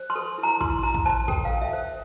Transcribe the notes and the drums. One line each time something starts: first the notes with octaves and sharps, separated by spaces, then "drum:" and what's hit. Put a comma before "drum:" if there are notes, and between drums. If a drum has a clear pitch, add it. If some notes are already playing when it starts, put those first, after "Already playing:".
Already playing: C5
C6
A4
E4
A#5
E4 C6, drum: kick
E4 A#5
drum: kick
C5 A5
A4 G5, drum: kick
F5
A4
E5
C5